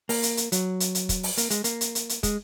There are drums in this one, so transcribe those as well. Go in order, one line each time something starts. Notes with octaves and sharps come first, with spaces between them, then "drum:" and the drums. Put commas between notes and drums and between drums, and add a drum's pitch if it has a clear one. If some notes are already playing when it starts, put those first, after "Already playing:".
A#3, drum: open hi-hat
drum: hi-hat
drum: hi-hat
F#3, drum: hi-hat
drum: hi-hat
drum: hi-hat
drum: kick, hi-hat
drum: open hi-hat
A#3, drum: hi-hat
G#3, drum: hi-hat
A#3, drum: hi-hat
drum: hi-hat
drum: hi-hat
drum: hi-hat
G#3, drum: kick, hi-hat